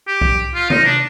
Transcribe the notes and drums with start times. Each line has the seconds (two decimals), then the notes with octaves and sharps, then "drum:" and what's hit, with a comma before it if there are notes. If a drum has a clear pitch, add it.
0.08 G4
0.21 drum: kick C2
0.55 F4
0.70 D#4, drum: tom C3
0.85 D4